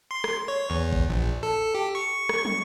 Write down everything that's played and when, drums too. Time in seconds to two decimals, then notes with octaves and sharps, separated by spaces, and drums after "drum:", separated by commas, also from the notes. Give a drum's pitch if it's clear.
0.11 C6
0.24 drum: rim click
0.48 C#5
0.70 E2
0.93 drum: kick G#1
1.10 A#1
1.43 A4
1.75 G4
1.95 C#6
2.29 drum: rim click
2.45 C#6, drum: tom